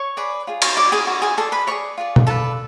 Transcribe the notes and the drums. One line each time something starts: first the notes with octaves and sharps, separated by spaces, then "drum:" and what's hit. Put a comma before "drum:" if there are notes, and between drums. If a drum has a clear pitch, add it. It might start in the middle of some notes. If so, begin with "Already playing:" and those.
Already playing: C#5 C#6
G#4 B4 D5
F4 G#4
C#5 C#6, drum: cymbal
F#4 C#5 D5 D6
G#4 G#5
F#4 C#5
G#4 G#5
G#4 A4 D5 A5
B4 B5
G#4 C#5 D5 C#6
F4 G#4 D5
drum: tom B2
F4 A4 B4 D5 A5